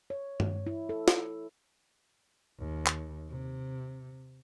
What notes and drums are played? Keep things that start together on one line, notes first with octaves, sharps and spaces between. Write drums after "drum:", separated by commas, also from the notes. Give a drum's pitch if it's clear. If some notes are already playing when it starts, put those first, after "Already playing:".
C#5
drum: tom G2
E4
A4
drum: snare F4
D#2
drum: clap
C3